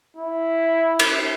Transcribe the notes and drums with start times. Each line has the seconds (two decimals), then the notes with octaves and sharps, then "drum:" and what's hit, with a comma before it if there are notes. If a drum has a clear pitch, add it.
0.17 E4
0.99 drum: cymbal